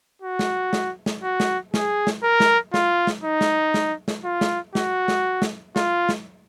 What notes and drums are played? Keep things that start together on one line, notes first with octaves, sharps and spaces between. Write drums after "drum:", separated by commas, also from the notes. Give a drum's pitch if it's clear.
F#4
drum: snare
drum: snare
drum: snare
F#4
drum: snare
G#4, drum: snare
drum: snare
A#4
drum: snare
F4, drum: snare
drum: snare
D#4
drum: snare
drum: snare
drum: snare
F4
drum: snare
F#4, drum: snare
drum: snare
drum: snare
F4, drum: snare
drum: snare